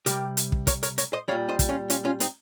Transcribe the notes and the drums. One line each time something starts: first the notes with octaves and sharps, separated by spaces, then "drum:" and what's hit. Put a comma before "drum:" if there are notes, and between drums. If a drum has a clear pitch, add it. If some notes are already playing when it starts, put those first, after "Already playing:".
C3 G3 G4 A#4, drum: hi-hat
drum: hi-hat
drum: kick
A#4 C#5, drum: kick, hi-hat
A#4 C#5, drum: hi-hat
A#4 C#5, drum: hi-hat
C5 D#5
A#2 G3 C#5 F5
C5 D#5
drum: kick, hi-hat
C#4 F4
C#4 F4, drum: hi-hat
C#4 F4
C4 D#4, drum: hi-hat